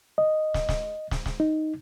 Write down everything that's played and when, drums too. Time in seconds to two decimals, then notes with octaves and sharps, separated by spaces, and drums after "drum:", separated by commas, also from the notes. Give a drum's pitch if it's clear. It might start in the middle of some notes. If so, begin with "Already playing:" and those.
0.18 D#5
0.54 drum: snare
0.69 drum: snare
1.11 drum: snare
1.26 drum: snare
1.40 D#4